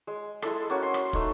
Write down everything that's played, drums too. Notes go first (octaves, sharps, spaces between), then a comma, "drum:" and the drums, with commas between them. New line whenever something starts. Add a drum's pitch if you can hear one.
G#3
G#3 E4 A4, drum: rim click
A#3 C#4 F#4 C#5
C6
drum: rim click
A3 D#4 B4, drum: kick